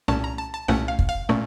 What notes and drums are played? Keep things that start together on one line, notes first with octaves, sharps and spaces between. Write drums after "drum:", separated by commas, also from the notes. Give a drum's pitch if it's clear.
C2 A#2 A3 C#4 A5
A#5
A5
A5
C2 A#2 A3 C#4 F#5
F5
drum: kick
F5
A#2 A3 C#4